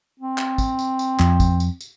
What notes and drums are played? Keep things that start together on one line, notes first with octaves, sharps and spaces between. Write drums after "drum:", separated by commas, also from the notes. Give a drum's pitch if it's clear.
C4
drum: clap
drum: kick, tambourine
drum: tambourine
drum: tambourine
F2, drum: clap
drum: kick, tambourine
drum: tambourine
drum: tambourine